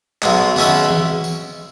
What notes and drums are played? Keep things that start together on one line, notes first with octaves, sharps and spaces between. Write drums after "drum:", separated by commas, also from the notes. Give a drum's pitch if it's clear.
B1 B2 G#3, drum: clap
B2 G#3 C#4 E4 B4, drum: tom
drum: tom E3
drum: tambourine